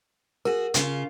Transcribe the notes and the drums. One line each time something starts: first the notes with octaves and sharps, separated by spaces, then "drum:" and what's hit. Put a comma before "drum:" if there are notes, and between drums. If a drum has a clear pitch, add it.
F#4 G#4 A#4
C#3 F4, drum: hi-hat